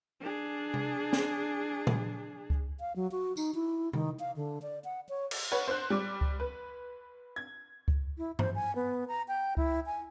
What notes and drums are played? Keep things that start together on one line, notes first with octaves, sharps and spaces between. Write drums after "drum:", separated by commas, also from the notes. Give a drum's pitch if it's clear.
D4 G#4
drum: tom C3
drum: snare
drum: tom A#2
drum: kick C#2
F5
F#3
F#4
D#4, drum: tambourine
E4
D#3, drum: tom C3
F5
D3
D5
F#5
C#5
drum: cymbal
B4 C#5 F#5
C5 C6 F#6
G3 D6
drum: kick C#2
B4
G#6
drum: kick C#2
E4
C5, drum: tom G2
G#5
B3
A#5
G5
E4, drum: kick C#2
G#5